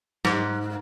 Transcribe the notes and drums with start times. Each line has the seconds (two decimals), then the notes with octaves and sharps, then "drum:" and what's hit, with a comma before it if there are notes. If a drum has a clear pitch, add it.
0.25 G#2, drum: snare